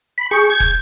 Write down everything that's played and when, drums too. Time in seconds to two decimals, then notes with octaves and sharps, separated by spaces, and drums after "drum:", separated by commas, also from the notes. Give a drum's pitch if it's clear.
0.18 B5
0.31 G#4 C#6 G6
0.50 G6 G#6
0.60 drum: kick